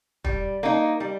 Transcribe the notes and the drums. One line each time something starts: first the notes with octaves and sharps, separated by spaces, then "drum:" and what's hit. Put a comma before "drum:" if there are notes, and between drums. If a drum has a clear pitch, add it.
G3, drum: kick
A#3 D#4
G3